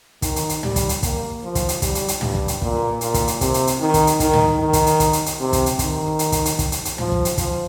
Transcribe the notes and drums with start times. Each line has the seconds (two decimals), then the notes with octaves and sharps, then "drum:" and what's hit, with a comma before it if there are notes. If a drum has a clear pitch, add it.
0.22 D#3, drum: kick, hi-hat
0.36 drum: hi-hat
0.49 drum: hi-hat
0.63 G3, drum: tom
0.76 drum: kick, hi-hat
0.89 drum: hi-hat
1.03 A#3, drum: kick, hi-hat
1.43 F3
1.55 drum: kick, hi-hat
1.69 drum: hi-hat
1.82 G3, drum: kick, hi-hat
1.95 drum: hi-hat
2.08 drum: hi-hat
2.21 G2, drum: tom
2.35 drum: kick
2.48 drum: hi-hat
2.62 A#2, drum: kick
3.01 A#2, drum: hi-hat
3.14 drum: kick, hi-hat
3.28 drum: hi-hat
3.41 C3, drum: kick, hi-hat
3.54 drum: hi-hat
3.67 drum: hi-hat
3.81 D#3
3.94 drum: kick, hi-hat
4.07 drum: hi-hat
4.20 D#3, drum: kick, hi-hat
4.33 drum: tom
4.60 D#3
4.73 drum: kick, hi-hat
4.86 drum: hi-hat
5.00 drum: kick, hi-hat
5.13 drum: hi-hat
5.26 drum: hi-hat
5.40 C3
5.53 drum: kick, hi-hat
5.66 drum: hi-hat
5.79 D#3, drum: kick, hi-hat
6.19 drum: hi-hat
6.32 drum: kick, hi-hat
6.45 drum: hi-hat
6.59 drum: kick, hi-hat
6.72 drum: hi-hat
6.85 drum: hi-hat
6.98 F3, drum: tom
7.12 drum: kick
7.25 drum: hi-hat
7.38 F3, drum: kick, hi-hat